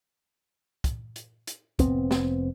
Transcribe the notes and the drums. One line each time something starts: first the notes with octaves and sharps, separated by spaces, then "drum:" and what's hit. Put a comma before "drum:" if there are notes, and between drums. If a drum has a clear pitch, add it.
drum: kick, hi-hat
drum: hi-hat
drum: hi-hat
F1 B3 C4, drum: kick, hi-hat
drum: snare